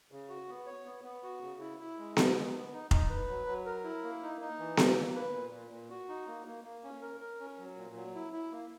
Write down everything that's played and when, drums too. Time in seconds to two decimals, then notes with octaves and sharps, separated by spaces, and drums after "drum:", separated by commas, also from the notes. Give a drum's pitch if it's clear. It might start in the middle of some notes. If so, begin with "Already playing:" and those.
0.12 C#3
0.29 F#4
0.49 B3
0.66 C#5
0.86 B3
1.04 B3
1.23 F#4
1.42 C#3
1.60 E4
1.80 E4
1.98 G#3
2.17 B3, drum: snare B3
2.34 G#3
2.54 B3
2.73 D#4
2.91 D#4, drum: kick F1
3.10 B4
3.29 F#3
3.47 F#3
3.66 A#4
3.84 E4
4.04 A#3
4.22 D#4
4.41 D#4
4.59 E3
4.77 F#3, drum: snare B3
4.96 A#3
5.15 B4
5.34 A#2
5.53 A#2
5.71 A#2
5.90 F#4
6.09 D#4
6.27 A#3
6.47 A#3
6.64 A#3
6.84 C#4
7.01 A#4
7.20 A#4
7.40 C#4
7.59 F#3
7.77 A#2
7.95 F#3
8.15 E4
8.33 E4
8.51 A#3